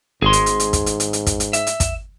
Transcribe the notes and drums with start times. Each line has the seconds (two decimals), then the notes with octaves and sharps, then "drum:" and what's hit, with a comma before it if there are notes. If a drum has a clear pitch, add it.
0.22 G#1 G#2 G#4 C6
0.33 drum: hi-hat
0.46 drum: hi-hat
0.60 drum: hi-hat
0.73 drum: kick, hi-hat
0.86 drum: hi-hat
1.00 drum: hi-hat
1.13 drum: hi-hat
1.26 drum: kick, hi-hat
1.40 drum: hi-hat
1.53 E5, drum: hi-hat
1.67 drum: hi-hat
1.80 drum: kick, hi-hat